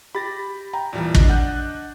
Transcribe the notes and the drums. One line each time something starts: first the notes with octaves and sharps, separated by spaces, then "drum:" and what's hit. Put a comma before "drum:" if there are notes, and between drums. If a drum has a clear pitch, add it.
G4 B5 A6 A#6
G5 A#5
D#2 A#2 E3 G3
D4 D#5, drum: kick
F#5 F#6 G6